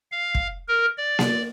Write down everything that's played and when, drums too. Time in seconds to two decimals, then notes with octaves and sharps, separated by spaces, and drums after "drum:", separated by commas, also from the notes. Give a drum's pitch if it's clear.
0.12 F5
0.35 drum: kick
0.68 A#4
0.98 D5
1.19 drum: snare A#3